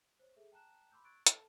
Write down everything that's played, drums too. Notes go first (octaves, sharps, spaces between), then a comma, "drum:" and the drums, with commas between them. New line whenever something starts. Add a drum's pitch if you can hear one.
C5 C#5
G#4 A4 E5
G5 A5 A#5 F#6 E7
B5 C6 D6 E6 G6
C#6 E6 F#6 G#6 A6 D7
A4 A5, drum: hi-hat